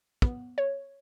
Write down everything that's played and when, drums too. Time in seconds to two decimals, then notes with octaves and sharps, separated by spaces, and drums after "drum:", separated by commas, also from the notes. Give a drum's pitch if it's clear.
0.22 B3, drum: kick
0.58 C#5